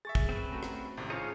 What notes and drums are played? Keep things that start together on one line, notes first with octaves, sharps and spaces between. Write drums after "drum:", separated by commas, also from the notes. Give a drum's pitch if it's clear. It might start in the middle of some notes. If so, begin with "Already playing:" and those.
G#4 E5 C#6 A6
drum: kick
C4 C#4 B4
A3 F#4 A#5
drum: rim click
G#1 A2 C3
C#4 D#4 F4 G#4 C5 C#5 F5